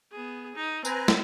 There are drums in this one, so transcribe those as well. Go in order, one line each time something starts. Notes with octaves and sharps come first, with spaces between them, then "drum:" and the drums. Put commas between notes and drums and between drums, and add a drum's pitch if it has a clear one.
B3 G#4
D#4
C4 B4 G#5 A#5, drum: tambourine
drum: snare